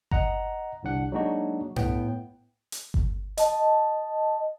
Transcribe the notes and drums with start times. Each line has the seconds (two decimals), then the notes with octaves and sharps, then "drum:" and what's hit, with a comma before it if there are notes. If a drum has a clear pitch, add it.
0.11 D#5 F#5 A#5, drum: kick G1
0.83 G1 C2 D4 F#5
1.12 F#3 G#3 A#3 D4 D#4 F#4
1.76 A2 B3 G5, drum: tom G2
2.72 drum: hi-hat
2.94 drum: kick G1
3.38 D#5 A5, drum: hi-hat